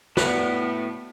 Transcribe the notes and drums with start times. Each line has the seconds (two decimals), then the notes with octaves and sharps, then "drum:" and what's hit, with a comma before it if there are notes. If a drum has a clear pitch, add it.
0.17 A2 B3 F#4 B4 D5, drum: snare